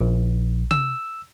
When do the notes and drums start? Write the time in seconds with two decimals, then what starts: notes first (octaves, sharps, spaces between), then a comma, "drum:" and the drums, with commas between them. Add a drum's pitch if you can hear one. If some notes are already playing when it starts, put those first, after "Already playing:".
0.01 A#1
0.71 E6, drum: tom C3